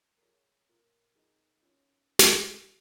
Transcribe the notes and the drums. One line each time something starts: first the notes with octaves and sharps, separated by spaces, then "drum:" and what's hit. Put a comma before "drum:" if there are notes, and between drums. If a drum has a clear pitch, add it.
A#4
F3 G#4 C#5
A#2 F4 A#4
F3 D#4 G#4
F3 C#4 F4
drum: snare